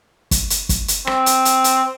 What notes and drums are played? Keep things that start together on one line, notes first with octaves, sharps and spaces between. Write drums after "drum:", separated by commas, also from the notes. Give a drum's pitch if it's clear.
drum: kick, hi-hat
drum: hi-hat
drum: kick, hi-hat
drum: hi-hat
C4, drum: rim click
drum: hi-hat
drum: hi-hat
drum: hi-hat